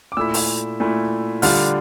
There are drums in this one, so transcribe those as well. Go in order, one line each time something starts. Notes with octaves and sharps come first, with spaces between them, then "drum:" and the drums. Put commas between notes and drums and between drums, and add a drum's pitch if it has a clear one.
D6
A#2 A3 E4 E6
drum: open hi-hat
A#2 A3 E4
D3 G3 D4 F4 F6, drum: open hi-hat